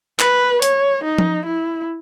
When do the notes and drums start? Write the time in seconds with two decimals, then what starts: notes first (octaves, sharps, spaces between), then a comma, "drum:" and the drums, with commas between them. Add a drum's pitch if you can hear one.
0.20 B4, drum: clap
0.62 C#5, drum: hi-hat
1.04 D#4
1.18 drum: tom F3
1.46 E4